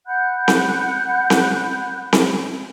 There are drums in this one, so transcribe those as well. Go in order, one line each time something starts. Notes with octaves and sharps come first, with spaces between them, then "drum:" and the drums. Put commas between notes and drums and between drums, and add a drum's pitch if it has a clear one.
F#5 B5 F#6 G6
drum: snare C4
drum: snare C4
drum: snare C4